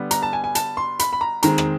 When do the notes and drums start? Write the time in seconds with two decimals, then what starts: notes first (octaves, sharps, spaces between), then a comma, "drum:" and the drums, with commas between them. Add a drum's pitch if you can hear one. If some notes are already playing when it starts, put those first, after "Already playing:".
Already playing: D3 G3 B3
0.11 A#5, drum: hi-hat
0.23 A5
0.33 G#5
0.44 G#5
0.55 A5, drum: hi-hat
0.77 C6
0.99 B5, drum: hi-hat
1.13 B5
1.21 A#5
1.43 D#3 G#3 C4 A#5, drum: hi-hat
1.58 drum: rim click